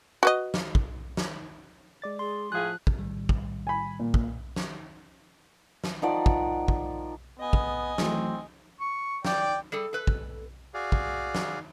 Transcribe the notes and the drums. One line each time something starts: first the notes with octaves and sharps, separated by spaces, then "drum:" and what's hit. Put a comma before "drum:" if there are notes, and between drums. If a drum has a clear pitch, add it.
F#4 B4 D#5
drum: snare
drum: kick
drum: snare
G#3 D5 A6
G#4 C6
A2 F3 F4 G#4 F#6
drum: kick
A2 D#3 G3
drum: kick
G#5 B5
A#2
drum: kick
drum: snare
drum: snare
D#3 F3 D5 F#5
drum: kick
drum: kick
B3 D#5 G#5
drum: kick
E3 F#3 A3 C4, drum: snare
C#6
D5 G5, drum: snare
G3 G#4 A4
A4 B4
drum: kick
F#4 G#4 D5 F5
drum: kick
drum: snare